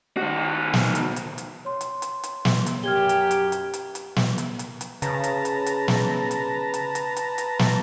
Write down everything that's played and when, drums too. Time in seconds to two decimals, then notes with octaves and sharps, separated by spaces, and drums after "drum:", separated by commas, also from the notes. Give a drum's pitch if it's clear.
0.17 D#3 F#4
0.73 drum: snare
0.95 drum: hi-hat
1.16 drum: hi-hat
1.38 drum: hi-hat
1.65 C#5 C6
1.81 drum: hi-hat
2.02 drum: hi-hat
2.24 drum: hi-hat
2.45 drum: snare
2.66 drum: hi-hat
2.84 F#2 G4 F6 G#6 G7
3.09 drum: hi-hat
3.31 drum: hi-hat
3.52 drum: hi-hat
3.74 drum: hi-hat
3.95 drum: hi-hat
4.16 drum: snare
4.38 drum: hi-hat
4.59 drum: hi-hat
4.81 drum: hi-hat
5.02 C#3 B4 A5 A#5, drum: hi-hat
5.24 drum: hi-hat
5.45 drum: hi-hat
5.66 drum: hi-hat
5.88 drum: snare
6.31 drum: hi-hat
6.74 drum: hi-hat
6.95 drum: hi-hat
7.16 drum: hi-hat
7.38 drum: hi-hat
7.59 drum: snare